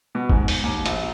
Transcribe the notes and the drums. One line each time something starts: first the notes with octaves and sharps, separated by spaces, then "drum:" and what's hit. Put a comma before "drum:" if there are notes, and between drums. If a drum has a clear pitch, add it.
B2
G#2, drum: kick
drum: open hi-hat
D#2
A#1, drum: hi-hat